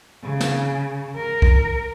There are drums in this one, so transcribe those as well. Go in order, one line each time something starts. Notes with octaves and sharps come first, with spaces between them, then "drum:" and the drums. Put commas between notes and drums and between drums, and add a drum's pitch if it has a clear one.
C#3
drum: snare
A#4
drum: kick B1